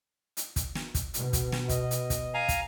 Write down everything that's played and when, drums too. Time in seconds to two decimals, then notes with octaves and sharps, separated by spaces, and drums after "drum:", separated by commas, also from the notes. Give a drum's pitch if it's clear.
0.37 drum: hi-hat
0.56 drum: kick, hi-hat
0.75 drum: snare
0.95 drum: kick, hi-hat
1.14 B2, drum: hi-hat
1.33 drum: kick, hi-hat
1.52 drum: snare
1.69 D#5, drum: kick, hi-hat
1.91 drum: hi-hat
2.10 drum: kick, hi-hat
2.34 F5 G#5 A#5
2.48 drum: kick, hi-hat